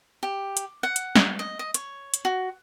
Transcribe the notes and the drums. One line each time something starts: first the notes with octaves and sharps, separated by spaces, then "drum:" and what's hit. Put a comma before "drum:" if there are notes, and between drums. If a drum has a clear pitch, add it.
G4
drum: hi-hat
F#5
drum: hi-hat
drum: snare
D#5
D#5
C#5, drum: hi-hat
drum: hi-hat
F#4